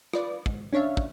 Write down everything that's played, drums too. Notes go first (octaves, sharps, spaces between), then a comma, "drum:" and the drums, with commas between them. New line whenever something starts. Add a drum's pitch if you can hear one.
F4 B4 D5, drum: rim click
G#2, drum: kick
C#4 D4 C#5 E5 F5
drum: kick